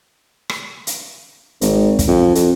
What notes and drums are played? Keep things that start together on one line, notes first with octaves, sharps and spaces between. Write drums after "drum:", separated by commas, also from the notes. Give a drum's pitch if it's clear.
drum: rim click
drum: hi-hat
G#1, drum: hi-hat
drum: kick, hi-hat
F2
F2, drum: hi-hat